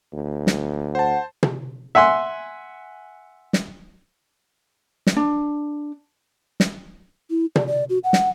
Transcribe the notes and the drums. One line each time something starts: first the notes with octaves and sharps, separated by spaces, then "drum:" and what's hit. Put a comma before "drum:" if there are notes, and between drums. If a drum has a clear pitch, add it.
D2
drum: snare
C5 F#5 A5
drum: tom
E5 F#5 G#5 C6
drum: snare
drum: snare
D4
drum: snare
E4
D5, drum: tom
D5
F#4
F#5
drum: snare